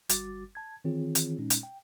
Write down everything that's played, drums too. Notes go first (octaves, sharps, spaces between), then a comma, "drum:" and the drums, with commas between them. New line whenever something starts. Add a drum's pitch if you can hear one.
G1 G3 F#4 D6 A6, drum: hi-hat
A5 G#6
D#3 E3 C4 F4 G#4 C#5
drum: hi-hat
A#2 G#3 C#4 D#4
drum: hi-hat
G5